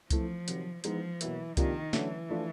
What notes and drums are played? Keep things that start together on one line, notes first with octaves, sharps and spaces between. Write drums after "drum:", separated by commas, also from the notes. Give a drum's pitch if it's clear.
E3 F3 A3 C4 E4, drum: kick C2, hi-hat
C3 D#3 F#3, drum: hi-hat
E3 F3 G#3 B3 D#4, drum: hi-hat
B2 E3 F#3 A#3, drum: hi-hat
C3 D#3 F3 A#3 D4 F4, drum: kick C2, hi-hat
D3 E3 F#3 A3 C#4 E4, drum: snare
F3 A3 D4 F4